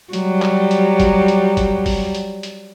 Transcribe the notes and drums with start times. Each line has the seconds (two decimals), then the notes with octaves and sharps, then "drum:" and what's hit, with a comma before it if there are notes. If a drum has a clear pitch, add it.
0.13 F#3 G3, drum: hi-hat
0.42 drum: clap
0.71 drum: hi-hat
1.00 drum: kick, hi-hat
1.28 drum: hi-hat
1.57 drum: kick, hi-hat
1.86 drum: kick, open hi-hat
2.15 drum: hi-hat
2.43 drum: hi-hat